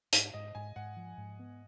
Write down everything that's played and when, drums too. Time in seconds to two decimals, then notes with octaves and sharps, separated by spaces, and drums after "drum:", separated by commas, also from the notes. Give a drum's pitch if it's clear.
0.13 G#2, drum: hi-hat
0.34 G#2 D#5
0.55 G#2 G#5
0.76 G#2 F#5
0.97 F3
1.18 G#2
1.39 B3